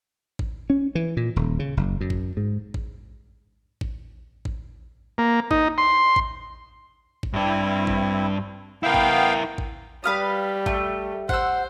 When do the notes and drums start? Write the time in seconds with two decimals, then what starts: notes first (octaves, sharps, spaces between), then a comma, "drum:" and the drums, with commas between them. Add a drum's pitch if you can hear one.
0.39 drum: kick
0.70 C#4
0.95 E3
1.17 A#2
1.36 D#1
1.59 C#3
1.77 F#1
2.01 F#2
2.10 drum: kick
2.37 G#2
2.74 drum: kick
3.81 drum: kick
4.45 drum: kick
5.18 A#3
5.51 D#4, drum: kick
5.78 C6
6.16 drum: kick
7.23 drum: kick
7.33 G2 C4 D4 E4
7.87 drum: kick
8.83 B3 E4 A#4 F5 G5
8.94 drum: kick
9.58 drum: kick
10.04 G3 B4 F5 D#6
10.66 A3, drum: kick
11.29 C5 F#5 E6, drum: kick